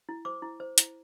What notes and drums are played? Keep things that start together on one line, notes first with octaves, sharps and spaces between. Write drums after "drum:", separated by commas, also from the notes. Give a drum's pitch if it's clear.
E4
C5 D6
E4
C5
E4, drum: hi-hat